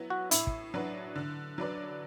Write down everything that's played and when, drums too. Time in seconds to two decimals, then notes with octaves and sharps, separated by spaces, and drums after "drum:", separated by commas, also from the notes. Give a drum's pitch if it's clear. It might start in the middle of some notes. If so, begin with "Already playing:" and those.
Already playing: F#3 B3 E4
0.10 F#4
0.31 A2 E4, drum: hi-hat
0.47 drum: kick
0.74 F#3 D4 F#4 B4
1.16 D3
1.58 F#3 D4 B4 D5